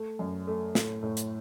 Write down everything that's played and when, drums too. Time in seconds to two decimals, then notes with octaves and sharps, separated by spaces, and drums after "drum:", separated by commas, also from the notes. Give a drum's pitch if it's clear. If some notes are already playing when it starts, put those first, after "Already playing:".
Already playing: A3
0.19 F#2
0.47 A3
0.75 A2, drum: snare
1.03 A2
1.17 drum: hi-hat